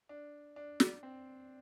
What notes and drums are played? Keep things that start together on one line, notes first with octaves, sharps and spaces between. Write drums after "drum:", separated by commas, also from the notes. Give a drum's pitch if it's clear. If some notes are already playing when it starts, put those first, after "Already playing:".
D4
D4
drum: snare
C4